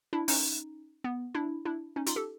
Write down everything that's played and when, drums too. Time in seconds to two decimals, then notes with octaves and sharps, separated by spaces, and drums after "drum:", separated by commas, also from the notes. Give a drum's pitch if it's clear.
0.13 D4 E4
0.28 C#4 D#4, drum: open hi-hat
1.04 B3
1.35 D4 E4
1.65 D4 E4
1.96 C#4 D#4
2.06 D#4 F4, drum: hi-hat
2.16 G4 A4